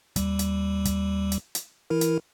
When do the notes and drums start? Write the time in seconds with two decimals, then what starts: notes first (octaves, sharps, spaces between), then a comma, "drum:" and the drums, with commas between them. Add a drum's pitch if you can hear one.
0.16 D#2 G3, drum: kick, hi-hat
0.39 drum: hi-hat
0.85 drum: kick, hi-hat
1.32 drum: hi-hat
1.55 drum: hi-hat
1.90 E3 E4 A#4
2.01 drum: hi-hat